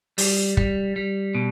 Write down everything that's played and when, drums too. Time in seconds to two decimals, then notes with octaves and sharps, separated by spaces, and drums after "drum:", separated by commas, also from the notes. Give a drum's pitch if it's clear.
0.18 G3, drum: open hi-hat
0.57 G3, drum: kick
0.96 G3
1.35 B2